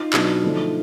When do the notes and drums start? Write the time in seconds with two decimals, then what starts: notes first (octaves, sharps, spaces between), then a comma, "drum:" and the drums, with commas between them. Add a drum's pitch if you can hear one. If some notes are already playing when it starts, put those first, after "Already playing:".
Already playing: D#4 F4
0.13 B2 F#3 B3 D4, drum: clap
0.43 D3 F3 A3